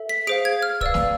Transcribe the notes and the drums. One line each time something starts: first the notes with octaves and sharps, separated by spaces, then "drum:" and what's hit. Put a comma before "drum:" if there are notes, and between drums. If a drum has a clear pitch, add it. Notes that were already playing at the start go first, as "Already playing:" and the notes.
Already playing: A4 E5
B6
G#4 C5 F5 D7
G#6
F6
B4 D5 F5 E6, drum: kick
drum: snare